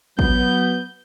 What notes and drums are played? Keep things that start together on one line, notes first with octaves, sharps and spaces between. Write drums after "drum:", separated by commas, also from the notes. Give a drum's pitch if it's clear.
F#3 B3 G6, drum: kick A1